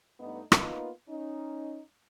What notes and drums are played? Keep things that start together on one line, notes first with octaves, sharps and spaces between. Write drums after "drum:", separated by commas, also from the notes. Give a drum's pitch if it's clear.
G2 A3 B3 D#4
A#3 B3 D#4 F4 B4, drum: rim click
C#4 D#4